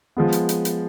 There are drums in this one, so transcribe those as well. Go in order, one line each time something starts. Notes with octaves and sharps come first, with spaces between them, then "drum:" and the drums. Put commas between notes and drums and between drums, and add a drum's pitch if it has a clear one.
F3 G#3 B3
drum: hi-hat
drum: hi-hat
drum: hi-hat